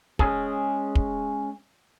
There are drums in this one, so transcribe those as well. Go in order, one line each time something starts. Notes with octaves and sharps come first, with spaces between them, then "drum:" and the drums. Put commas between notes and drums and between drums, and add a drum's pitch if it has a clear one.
G#3 C#4 G#4, drum: kick
drum: kick